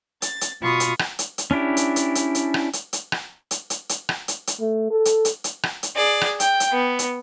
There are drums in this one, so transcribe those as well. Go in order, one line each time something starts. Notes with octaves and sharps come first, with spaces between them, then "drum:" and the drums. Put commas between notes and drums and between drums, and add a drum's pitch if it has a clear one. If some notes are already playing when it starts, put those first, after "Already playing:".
A6, drum: hi-hat
drum: hi-hat
B2 F4 B5 C#6 D#6
drum: hi-hat
drum: rim click
drum: hi-hat
drum: hi-hat
C#4 D4 E4 G4
drum: hi-hat
drum: hi-hat
drum: hi-hat
drum: hi-hat
drum: rim click
drum: hi-hat
drum: hi-hat
drum: rim click
drum: hi-hat
drum: hi-hat
drum: hi-hat
drum: rim click
drum: hi-hat
drum: hi-hat
A3
A4
drum: hi-hat
drum: hi-hat
drum: hi-hat
drum: rim click
drum: hi-hat
G#4 D5
drum: rim click
G5, drum: hi-hat
drum: hi-hat
B3
drum: hi-hat